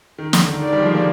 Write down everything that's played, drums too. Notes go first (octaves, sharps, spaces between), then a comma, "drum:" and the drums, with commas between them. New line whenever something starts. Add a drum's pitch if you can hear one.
D#3
D3, drum: snare
D#3
D#3 D5
D#3 G3
F3 G#3
G3 A#3